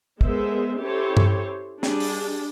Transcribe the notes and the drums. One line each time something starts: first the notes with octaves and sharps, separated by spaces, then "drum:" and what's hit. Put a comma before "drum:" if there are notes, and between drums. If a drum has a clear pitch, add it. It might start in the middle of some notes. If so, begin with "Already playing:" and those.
G#3 A3 B3 A#4 C5 E5, drum: kick
C#4 E4 G4 A4 C5 C#5
drum: tom G2
G3 D4 G#4, drum: snare
drum: open hi-hat